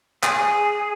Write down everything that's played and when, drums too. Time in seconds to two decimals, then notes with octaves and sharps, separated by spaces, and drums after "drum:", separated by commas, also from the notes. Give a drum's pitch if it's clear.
0.23 G#4, drum: clap